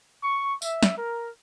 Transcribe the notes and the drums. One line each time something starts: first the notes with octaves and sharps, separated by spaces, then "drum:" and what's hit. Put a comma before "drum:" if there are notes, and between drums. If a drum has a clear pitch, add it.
C#6
E5, drum: tambourine
drum: snare
A#4